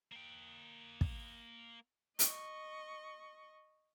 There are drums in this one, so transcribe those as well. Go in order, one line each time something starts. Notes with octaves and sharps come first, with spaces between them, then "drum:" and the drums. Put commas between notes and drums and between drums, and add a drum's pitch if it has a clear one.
A#3 G5
drum: kick
D#5 C#6, drum: hi-hat